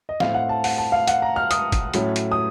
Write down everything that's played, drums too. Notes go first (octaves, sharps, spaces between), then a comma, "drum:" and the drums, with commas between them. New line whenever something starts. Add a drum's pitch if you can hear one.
D#5
A2 A3 C4 F5, drum: snare
F#5
A5
F#5, drum: open hi-hat
A5
F5
F#5, drum: hi-hat
A#5
F6
D#6, drum: hi-hat
drum: kick, hi-hat
A2 F#3 A3 C#4, drum: hi-hat
drum: hi-hat
D#6